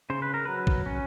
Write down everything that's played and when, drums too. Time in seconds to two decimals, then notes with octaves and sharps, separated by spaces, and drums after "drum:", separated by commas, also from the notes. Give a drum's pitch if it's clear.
0.10 C#3 C5
0.22 B4
0.34 A#4
0.45 F#3 B4
0.67 drum: kick
0.86 C#4